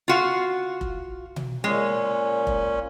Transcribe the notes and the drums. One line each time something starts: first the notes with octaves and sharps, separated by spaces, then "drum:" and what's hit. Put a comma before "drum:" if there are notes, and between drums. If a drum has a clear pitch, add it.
F4 F#4 F5
drum: kick F1
drum: tom B2
A#2 G#3 C#4
drum: kick F1